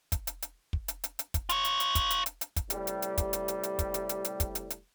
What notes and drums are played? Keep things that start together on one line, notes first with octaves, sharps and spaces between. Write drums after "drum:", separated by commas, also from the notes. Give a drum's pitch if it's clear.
drum: kick, hi-hat
drum: hi-hat
drum: hi-hat
drum: kick
drum: hi-hat
drum: hi-hat
drum: hi-hat
drum: kick, hi-hat
F4 C#5, drum: hi-hat
drum: hi-hat
drum: hi-hat
drum: kick, hi-hat
drum: hi-hat
drum: hi-hat
drum: hi-hat
drum: kick, hi-hat
A2 C3 G3, drum: hi-hat
drum: hi-hat
drum: hi-hat
drum: kick, hi-hat
drum: hi-hat
drum: hi-hat
drum: hi-hat
drum: kick, hi-hat
drum: hi-hat
drum: hi-hat
drum: hi-hat
drum: kick, hi-hat
drum: hi-hat
drum: hi-hat